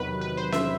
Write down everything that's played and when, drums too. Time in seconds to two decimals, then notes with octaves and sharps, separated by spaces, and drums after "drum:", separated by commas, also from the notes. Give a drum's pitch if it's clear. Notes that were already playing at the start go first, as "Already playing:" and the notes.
Already playing: E2 C3 D#3 F#3 B4
0.21 B4
0.37 C5
0.52 E5, drum: snare C#4